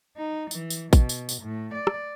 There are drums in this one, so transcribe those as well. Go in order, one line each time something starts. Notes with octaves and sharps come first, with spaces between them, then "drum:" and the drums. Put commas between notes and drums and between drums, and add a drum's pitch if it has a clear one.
D#4
E3, drum: tambourine
drum: tambourine
B2, drum: kick A1, tambourine
drum: tambourine
drum: tambourine
A2
D5
drum: rim click